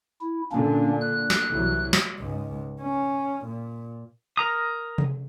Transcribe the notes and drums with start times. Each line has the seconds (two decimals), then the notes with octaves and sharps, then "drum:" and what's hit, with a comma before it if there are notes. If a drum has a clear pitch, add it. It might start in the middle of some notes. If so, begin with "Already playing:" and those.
0.21 E4
0.51 A#2 D3 A#3 C#4 D4
1.01 F#6
1.30 drum: snare
1.51 C2 E3 F#3
1.93 drum: snare
2.18 C#2 G#2
2.81 C#4
3.45 A#2
4.37 A#4 A#5 D#6
4.98 drum: tom C3